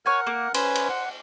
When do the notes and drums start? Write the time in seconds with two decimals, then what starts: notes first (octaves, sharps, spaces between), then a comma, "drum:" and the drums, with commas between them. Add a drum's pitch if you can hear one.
0.06 A#4 C#5 F#5 G#5
0.27 A#3
0.54 C#4 B4 C5 G#5, drum: cymbal
0.75 drum: cymbal
0.89 F#5